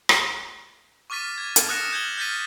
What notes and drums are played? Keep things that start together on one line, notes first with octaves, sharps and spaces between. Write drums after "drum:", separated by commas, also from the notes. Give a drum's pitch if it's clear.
drum: rim click
C#6 D6 F6 A6 B6 D#7
G#6
drum: hi-hat
D#6 F6 F#6 A#6 C#7 E7
F6 G6 G#6 F#7 G7
F6 G6 A6 B6 D#7